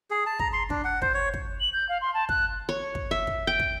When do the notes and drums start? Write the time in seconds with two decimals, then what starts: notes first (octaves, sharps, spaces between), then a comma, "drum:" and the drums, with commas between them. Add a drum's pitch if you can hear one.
0.11 G#4
0.26 A5
0.39 A#5, drum: kick
0.53 C6
0.70 D4, drum: kick
0.84 F#5
1.02 C5, drum: kick
1.14 C#5
1.34 drum: kick
1.60 F#7
1.73 G6
1.89 F5
2.01 C6
2.14 A5
2.29 F#6, drum: kick
2.69 C#5
2.95 drum: kick
3.11 E5
3.27 drum: kick
3.47 G5
3.60 drum: kick